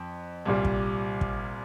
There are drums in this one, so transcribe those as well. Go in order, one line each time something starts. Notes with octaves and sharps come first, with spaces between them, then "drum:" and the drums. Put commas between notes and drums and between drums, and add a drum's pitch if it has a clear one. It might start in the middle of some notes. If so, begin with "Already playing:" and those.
Already playing: F2
C2 A#2 G3
drum: kick
drum: kick